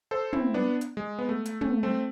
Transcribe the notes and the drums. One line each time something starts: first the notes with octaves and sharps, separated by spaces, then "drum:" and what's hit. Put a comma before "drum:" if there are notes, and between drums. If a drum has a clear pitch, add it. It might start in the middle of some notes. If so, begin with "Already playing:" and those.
A4 C5
C4 E4, drum: tom
B3 D4
drum: hi-hat
G#3
B3
A3
drum: hi-hat
A3, drum: tom
A3 C4